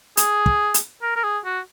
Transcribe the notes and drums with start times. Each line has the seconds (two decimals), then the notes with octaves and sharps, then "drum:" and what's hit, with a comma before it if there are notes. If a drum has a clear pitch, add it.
0.17 G#4, drum: hi-hat
0.46 drum: kick
0.74 drum: hi-hat
1.02 A#4
1.16 A#4
1.24 G#4
1.45 F#4